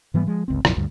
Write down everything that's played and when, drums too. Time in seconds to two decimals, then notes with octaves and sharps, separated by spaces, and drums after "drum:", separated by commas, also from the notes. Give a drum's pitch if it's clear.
0.14 G#2 E3 G3 B3
0.27 F3 G#3
0.48 G1 C#2 C4
0.65 B1 F2, drum: rim click
0.77 D2 G2